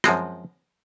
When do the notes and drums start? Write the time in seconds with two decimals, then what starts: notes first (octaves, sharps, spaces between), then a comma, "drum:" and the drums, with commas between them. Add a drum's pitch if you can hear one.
0.04 F#2 F3 G#3 C4, drum: rim click